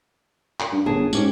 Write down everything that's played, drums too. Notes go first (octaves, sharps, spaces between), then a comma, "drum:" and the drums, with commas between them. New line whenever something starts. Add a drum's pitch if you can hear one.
drum: clap
G2
G1 F#2 G#4 A5
G#2 C#4 G4, drum: tambourine